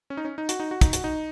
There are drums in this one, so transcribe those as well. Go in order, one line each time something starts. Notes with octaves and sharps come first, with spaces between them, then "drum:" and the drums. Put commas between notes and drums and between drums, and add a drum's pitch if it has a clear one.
C#4
D#4
C#4
D#4
F#4, drum: hi-hat
D#4
F#4
D#4, drum: kick, hi-hat
F#4, drum: hi-hat
D#4